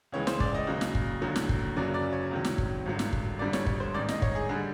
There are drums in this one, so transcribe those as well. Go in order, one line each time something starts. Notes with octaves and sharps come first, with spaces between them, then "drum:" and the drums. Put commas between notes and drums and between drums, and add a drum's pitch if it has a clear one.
C#2 C#3 E3 G#3 C#5
C5, drum: snare
D5, drum: kick
D#5
D#2 C#3 F#3
drum: snare
drum: kick
F1 D#2 D3 F#3
drum: snare
drum: kick
F#1 F#2 C#3 F#3 D5
D5
C#5
C#2 C3 D#3 F#3
drum: snare
drum: kick
G#1 G2 D3 F#3
drum: snare
drum: kick
G1 F2 D3 G3 D5
C#5, drum: snare
C#5, drum: kick
C5
A1 G#2 D#3 D5
D#5, drum: snare
C#5, drum: kick
G#4
D3 G3 G#4